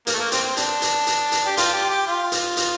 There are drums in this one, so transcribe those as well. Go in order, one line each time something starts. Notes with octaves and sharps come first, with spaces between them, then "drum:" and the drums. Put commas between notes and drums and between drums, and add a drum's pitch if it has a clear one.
A#3, drum: hi-hat
A3
A#3
C4, drum: hi-hat
C4
D4, drum: hi-hat
drum: hi-hat
drum: hi-hat
drum: hi-hat
G4
F4, drum: hi-hat
G4
G4
F4
drum: hi-hat
drum: hi-hat